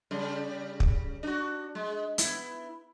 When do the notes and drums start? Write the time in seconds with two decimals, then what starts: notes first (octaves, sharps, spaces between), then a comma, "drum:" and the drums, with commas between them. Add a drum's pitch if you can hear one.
0.11 C#3 G3
0.80 drum: kick
1.23 D4 F#4
1.75 G#3
2.18 B3 E4, drum: hi-hat